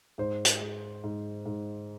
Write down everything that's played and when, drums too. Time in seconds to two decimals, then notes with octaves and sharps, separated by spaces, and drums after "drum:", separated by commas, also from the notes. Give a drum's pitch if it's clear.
0.18 G#2 C5
0.45 drum: hi-hat
0.61 G#3
1.04 G#2
1.46 G#2